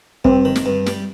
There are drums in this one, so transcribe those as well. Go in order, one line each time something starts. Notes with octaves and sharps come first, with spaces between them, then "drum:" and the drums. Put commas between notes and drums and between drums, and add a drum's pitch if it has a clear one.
G2 C4, drum: kick
D#3
drum: snare
G2
G3, drum: snare